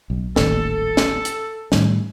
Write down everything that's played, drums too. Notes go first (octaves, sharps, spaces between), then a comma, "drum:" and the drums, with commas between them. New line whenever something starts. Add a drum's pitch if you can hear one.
B1
D#1 A1 D#2 A4, drum: snare
drum: snare
drum: hi-hat
A2 D#3 G3, drum: snare